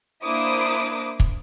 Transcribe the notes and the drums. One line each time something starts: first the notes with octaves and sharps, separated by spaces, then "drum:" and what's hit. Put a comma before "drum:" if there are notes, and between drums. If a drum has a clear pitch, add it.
A#3 D4 E4 C5 D6 D#6
drum: kick